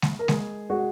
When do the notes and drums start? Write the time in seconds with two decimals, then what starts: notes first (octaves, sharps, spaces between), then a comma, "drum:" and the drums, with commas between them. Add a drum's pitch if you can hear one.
0.02 drum: snare G#3
0.19 A#4
0.28 G#3 G#4, drum: snare G#3
0.70 G#3 F#4